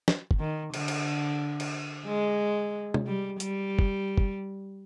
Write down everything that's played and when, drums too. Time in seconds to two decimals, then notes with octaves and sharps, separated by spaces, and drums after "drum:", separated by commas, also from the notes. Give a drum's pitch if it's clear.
0.08 drum: snare
0.31 drum: kick
0.40 D#3
0.74 D3, drum: cymbal
0.88 drum: cymbal
1.60 drum: cymbal
2.06 G#3
2.94 drum: tom C3
3.06 G3
3.40 G3, drum: hi-hat
3.79 drum: kick
4.18 drum: kick